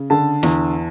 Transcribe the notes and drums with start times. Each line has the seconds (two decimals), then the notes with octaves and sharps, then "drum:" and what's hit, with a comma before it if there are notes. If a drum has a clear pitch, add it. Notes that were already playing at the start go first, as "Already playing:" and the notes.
Already playing: C#3
0.10 D3 A5
0.43 E2, drum: snare